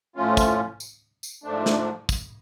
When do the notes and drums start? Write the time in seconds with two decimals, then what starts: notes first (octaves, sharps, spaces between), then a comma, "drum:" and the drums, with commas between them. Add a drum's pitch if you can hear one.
0.16 A2 F3 A3 C#4 F4
0.37 drum: kick, tambourine
0.80 drum: tambourine
1.23 drum: tambourine
1.44 G#2 F3 A3 D4
1.66 drum: snare
2.09 drum: kick, tambourine